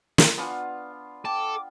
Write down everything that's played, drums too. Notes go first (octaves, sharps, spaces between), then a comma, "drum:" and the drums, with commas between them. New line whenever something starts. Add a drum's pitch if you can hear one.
drum: snare
B3 D4 F4 D5 F#5 G#5
A4 G5 D6